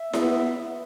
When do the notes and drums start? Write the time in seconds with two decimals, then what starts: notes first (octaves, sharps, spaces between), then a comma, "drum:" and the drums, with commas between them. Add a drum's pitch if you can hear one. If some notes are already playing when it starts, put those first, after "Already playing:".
Already playing: E5
0.14 B3, drum: snare E4